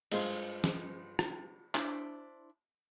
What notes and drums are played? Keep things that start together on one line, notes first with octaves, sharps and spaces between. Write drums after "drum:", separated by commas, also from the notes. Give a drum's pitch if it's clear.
G2 G#3 F4 C5, drum: cymbal
drum: snare
drum: rim click
D4 E4 C5, drum: clap